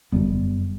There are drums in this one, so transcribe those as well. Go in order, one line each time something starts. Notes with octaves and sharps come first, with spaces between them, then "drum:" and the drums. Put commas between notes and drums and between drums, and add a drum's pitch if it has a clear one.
F#2 D3 G3 B3, drum: kick F#1